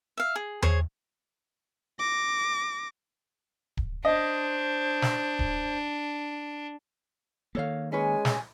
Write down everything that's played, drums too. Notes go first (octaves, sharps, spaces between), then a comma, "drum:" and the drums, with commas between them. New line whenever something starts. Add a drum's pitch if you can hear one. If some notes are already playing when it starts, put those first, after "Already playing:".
E5 F5
G#4
G#4 C5 C#5, drum: tom E2
D6 A#6
drum: kick D1
D4 C5 D#5
drum: snare
drum: kick D1
D#3 A#3 A4 C#5 F5
G#3 C#4 B4 C#5 G#5
drum: snare